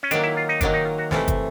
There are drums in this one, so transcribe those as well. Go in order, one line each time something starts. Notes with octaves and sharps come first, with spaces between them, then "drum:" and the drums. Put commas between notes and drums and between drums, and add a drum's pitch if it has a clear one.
C#4
D#3 F#3 A#3 D4, drum: hi-hat
E4
F4
D#4
D#3 F#3 A#3 D4, drum: kick, hi-hat
D#4
F4
F#4
C3 E3 A3 F4, drum: snare
drum: kick, hi-hat